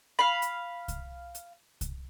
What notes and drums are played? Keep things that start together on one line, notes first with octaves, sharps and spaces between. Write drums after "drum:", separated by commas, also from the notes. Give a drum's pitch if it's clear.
F5 B5
drum: hi-hat
drum: kick C2, hi-hat
drum: hi-hat
drum: kick C2, hi-hat